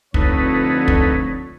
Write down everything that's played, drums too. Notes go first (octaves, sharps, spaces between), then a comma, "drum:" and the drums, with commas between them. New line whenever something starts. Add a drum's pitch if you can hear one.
F2 D3 A3 D#4 B4 C#5, drum: kick
drum: kick